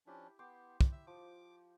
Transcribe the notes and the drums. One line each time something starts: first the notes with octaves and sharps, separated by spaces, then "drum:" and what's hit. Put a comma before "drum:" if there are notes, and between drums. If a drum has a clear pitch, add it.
F3 C#4 D4 E4 G4
B3 G5 C6 D6
drum: kick
E5 E6
F3 D6